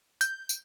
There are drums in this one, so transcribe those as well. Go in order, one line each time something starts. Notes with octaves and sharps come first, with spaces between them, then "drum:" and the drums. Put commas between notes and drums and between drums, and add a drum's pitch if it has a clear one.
G6, drum: tambourine
drum: tambourine